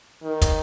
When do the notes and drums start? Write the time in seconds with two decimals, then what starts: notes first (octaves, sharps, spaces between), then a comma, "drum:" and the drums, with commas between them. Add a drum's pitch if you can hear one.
0.23 D#3
0.42 drum: kick, hi-hat